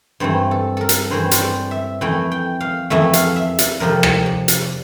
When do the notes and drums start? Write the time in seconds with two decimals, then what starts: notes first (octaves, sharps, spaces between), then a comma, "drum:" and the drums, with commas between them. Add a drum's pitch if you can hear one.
0.20 G2 E3 A3 C4
0.51 A4
0.77 A4 A#4
0.89 drum: hi-hat
1.10 G2 E3 A3 C4 C5
1.31 C5, drum: hi-hat
1.42 D5
1.71 E5
2.01 F2 E3 A3 G5
2.32 G5
2.60 F5
2.90 F2 E3 A3 E5
3.13 F5, drum: hi-hat
3.36 E5
3.58 D5, drum: hi-hat
3.80 F2 C3 F3 A#3 A#4
4.03 drum: rim click
4.26 D5
4.48 drum: hi-hat
4.62 D5